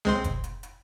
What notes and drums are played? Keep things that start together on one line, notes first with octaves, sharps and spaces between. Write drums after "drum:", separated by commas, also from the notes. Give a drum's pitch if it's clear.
G#3 C4 C5, drum: tom C2
drum: kick, hi-hat
drum: hi-hat
drum: hi-hat